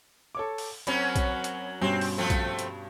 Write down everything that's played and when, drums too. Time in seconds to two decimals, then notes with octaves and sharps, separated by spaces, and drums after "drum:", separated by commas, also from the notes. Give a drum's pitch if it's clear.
0.35 A4 C#5 D6
0.58 drum: open hi-hat
0.87 F#2 F#3 C4 C#4 B5, drum: hi-hat
1.16 drum: kick B1, hi-hat
1.44 drum: hi-hat
1.81 G2 B2 C4 C#4
2.01 drum: open hi-hat
2.18 F3 A3 C4
2.30 drum: kick B1, hi-hat
2.59 drum: hi-hat